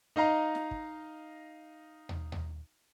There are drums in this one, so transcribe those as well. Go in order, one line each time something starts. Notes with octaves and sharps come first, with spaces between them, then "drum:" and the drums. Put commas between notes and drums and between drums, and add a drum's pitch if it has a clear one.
D#4 D#5 F5 A#5
drum: snare
drum: kick
drum: tom D#2
drum: tom D#2